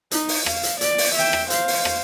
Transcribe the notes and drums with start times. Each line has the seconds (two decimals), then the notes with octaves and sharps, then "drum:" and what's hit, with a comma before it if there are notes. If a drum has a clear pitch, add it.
0.11 D#4, drum: hi-hat
0.29 drum: open hi-hat
0.46 F5, drum: rim click
0.63 drum: hi-hat
0.81 D5, drum: hi-hat
0.98 drum: open hi-hat
1.16 E5 G5
1.33 drum: rim click
1.50 C5 F5, drum: hi-hat
1.68 drum: open hi-hat
1.85 drum: rim click